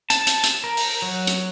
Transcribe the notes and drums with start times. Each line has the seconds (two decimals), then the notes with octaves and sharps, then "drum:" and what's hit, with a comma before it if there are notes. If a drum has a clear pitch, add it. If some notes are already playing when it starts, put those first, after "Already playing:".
0.10 A5, drum: hi-hat
0.27 drum: hi-hat
0.43 drum: hi-hat
0.64 A#4
0.77 drum: open hi-hat
1.02 F#3
1.27 drum: hi-hat